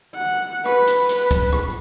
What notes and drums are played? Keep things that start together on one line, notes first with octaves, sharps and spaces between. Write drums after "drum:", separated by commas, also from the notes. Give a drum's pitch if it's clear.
F#5
B4, drum: rim click
drum: hi-hat
drum: hi-hat
drum: kick, hi-hat
drum: rim click